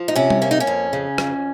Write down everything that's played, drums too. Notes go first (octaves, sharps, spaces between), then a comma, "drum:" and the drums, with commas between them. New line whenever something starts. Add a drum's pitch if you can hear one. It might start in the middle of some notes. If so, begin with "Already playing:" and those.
Already playing: F3
D#4
C3 C#4
drum: tom G3
A#3 C#4
D#4
C#4
F2
C#3
F2, drum: rim click